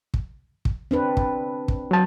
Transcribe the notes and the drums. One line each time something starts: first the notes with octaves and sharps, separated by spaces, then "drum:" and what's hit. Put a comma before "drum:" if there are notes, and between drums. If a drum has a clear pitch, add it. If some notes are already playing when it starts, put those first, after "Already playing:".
drum: kick
drum: kick
C4 D4 B4
drum: kick
drum: kick
F#3 A5